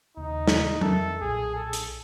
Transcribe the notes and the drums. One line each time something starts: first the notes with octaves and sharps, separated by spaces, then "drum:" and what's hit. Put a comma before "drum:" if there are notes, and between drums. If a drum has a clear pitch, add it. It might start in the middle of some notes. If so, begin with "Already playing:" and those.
D#2 C#3 D#4
drum: snare
F2 A4 A#4 E5, drum: tom F#3
B1 A#2 G#4
A4
drum: hi-hat